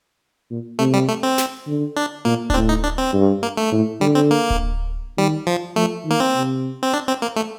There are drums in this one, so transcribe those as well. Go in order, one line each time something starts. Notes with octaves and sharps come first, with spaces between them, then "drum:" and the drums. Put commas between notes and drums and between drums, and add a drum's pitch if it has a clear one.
A#2
C3 A3
G3
A3
C4
drum: snare
D3
D4
A#2 A#3
D4, drum: kick D1
A2 C4
D#4
D4
C4
G2
A#3
A3
A2
D3 G3
C4
A#3
drum: kick D1
D#3 G3
F3
F3 A3
D#3
A#3
C4
C3
C4
D4
C4
A#3
A3